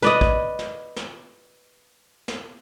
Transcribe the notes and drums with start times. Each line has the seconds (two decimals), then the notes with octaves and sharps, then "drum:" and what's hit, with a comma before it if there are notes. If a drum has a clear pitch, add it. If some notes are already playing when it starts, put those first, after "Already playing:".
0.02 B4 D5 D#5, drum: snare
0.21 drum: kick
0.59 drum: snare
0.96 drum: snare
2.28 drum: snare